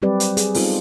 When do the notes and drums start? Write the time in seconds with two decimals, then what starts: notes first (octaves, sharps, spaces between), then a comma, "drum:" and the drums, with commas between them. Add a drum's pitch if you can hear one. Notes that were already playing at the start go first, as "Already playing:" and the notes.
0.02 F#3 G3 C4 G4 B4 D5
0.20 drum: hi-hat
0.37 G#4, drum: hi-hat
0.54 B3 C4 D#4 F4 A4 C5, drum: open hi-hat